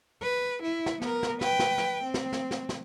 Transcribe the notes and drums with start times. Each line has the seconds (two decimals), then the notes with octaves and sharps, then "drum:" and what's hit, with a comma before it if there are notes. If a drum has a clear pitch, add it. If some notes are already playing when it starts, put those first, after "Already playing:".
0.22 B4
0.62 E4
0.86 drum: snare
1.02 B3 A#4, drum: snare
1.23 drum: snare
1.41 B4 G5, drum: snare
1.59 drum: snare
1.78 drum: snare
2.04 C4
2.14 drum: snare
2.32 drum: snare
2.51 drum: snare
2.69 drum: snare